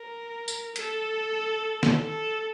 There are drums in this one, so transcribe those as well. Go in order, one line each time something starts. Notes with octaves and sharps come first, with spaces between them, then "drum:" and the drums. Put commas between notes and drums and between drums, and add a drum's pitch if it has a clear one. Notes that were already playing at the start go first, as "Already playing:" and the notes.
Already playing: A#4
drum: tambourine
A4, drum: hi-hat
drum: snare
A4